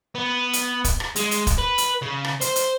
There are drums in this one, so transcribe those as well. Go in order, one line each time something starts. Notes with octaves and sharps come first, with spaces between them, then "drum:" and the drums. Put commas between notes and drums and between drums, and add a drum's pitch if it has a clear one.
B3
drum: hi-hat
drum: kick, hi-hat
drum: rim click
G#3, drum: hi-hat
drum: hi-hat
drum: kick, hi-hat
B4
drum: hi-hat
C#3
drum: rim click
C5, drum: hi-hat
drum: hi-hat